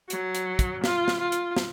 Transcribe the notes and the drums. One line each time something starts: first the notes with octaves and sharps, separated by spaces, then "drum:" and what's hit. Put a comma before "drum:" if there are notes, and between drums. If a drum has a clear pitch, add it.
F#3, drum: hi-hat
drum: hi-hat
drum: kick, hi-hat
F4, drum: snare
drum: snare
F4
drum: hi-hat
drum: snare